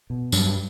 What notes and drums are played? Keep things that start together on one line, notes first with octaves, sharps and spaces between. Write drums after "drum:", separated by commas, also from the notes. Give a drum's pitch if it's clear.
B2
G2 F#3, drum: tambourine